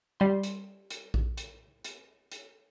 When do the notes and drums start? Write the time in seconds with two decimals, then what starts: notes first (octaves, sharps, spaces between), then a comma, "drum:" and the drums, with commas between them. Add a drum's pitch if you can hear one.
0.20 G3 C6
0.43 drum: hi-hat
0.90 drum: hi-hat
1.14 drum: kick A#1
1.37 drum: hi-hat
1.84 drum: hi-hat
2.32 drum: hi-hat